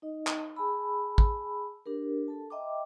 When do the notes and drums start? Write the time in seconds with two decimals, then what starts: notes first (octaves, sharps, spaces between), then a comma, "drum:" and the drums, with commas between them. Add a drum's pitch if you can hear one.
0.02 D#4 D#5
0.27 drum: clap
0.56 G#4 G#5 A5 B5 E6
1.18 drum: kick
1.86 D4 G4 A#4
2.28 A4 A5
2.50 D#5 E5 G5 A#5 C6 D6